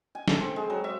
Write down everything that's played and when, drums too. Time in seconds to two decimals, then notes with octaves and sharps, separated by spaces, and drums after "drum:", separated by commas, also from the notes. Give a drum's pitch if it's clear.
0.15 G#5
0.28 A4, drum: snare
0.40 C4
0.56 G#3
0.70 F#3
0.84 E5